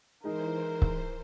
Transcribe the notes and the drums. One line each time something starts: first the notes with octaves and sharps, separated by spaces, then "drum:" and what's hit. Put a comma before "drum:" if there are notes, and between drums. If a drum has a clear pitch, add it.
E3 G#3 D#4 G#4 A#4 C5
drum: kick C#1